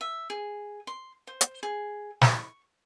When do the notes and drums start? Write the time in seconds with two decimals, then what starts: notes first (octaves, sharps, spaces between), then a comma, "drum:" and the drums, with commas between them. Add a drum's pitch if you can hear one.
0.01 E5
0.30 G#4
0.87 C6
1.27 C5
1.41 drum: hi-hat
1.63 G#4
2.21 C#6, drum: snare